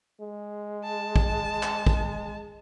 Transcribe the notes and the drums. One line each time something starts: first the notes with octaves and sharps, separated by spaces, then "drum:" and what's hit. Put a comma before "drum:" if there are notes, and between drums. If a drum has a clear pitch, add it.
G#3
A5
drum: kick
drum: clap
drum: kick